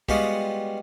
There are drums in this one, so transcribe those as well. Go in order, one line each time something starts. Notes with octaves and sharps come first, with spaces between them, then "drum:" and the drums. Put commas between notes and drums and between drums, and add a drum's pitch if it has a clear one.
G3 G#3 B3 F4 F#4, drum: kick